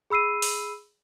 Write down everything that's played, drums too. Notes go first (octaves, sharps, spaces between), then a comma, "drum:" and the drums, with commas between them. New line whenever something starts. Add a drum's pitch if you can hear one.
G#4 B5 E6 C7 D#7
drum: open hi-hat